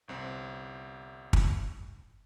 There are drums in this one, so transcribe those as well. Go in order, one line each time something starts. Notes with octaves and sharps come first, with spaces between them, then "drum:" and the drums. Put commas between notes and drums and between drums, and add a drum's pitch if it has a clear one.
G1 C2 C4
drum: kick